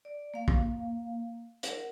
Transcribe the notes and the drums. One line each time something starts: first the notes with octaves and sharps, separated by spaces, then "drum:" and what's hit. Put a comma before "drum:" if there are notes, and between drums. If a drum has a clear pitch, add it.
D5
A#3 F5
drum: kick
A#4 F#5, drum: hi-hat